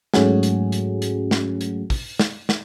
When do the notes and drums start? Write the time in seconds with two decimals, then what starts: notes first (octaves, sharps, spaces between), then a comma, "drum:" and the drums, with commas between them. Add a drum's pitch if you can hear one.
0.14 G#2 F#3 A3 C#4 F#4 G#4, drum: snare
0.43 drum: hi-hat
0.72 drum: hi-hat
1.02 drum: hi-hat
1.31 drum: snare
1.61 drum: hi-hat
1.90 drum: kick, open hi-hat
2.20 drum: snare
2.49 drum: snare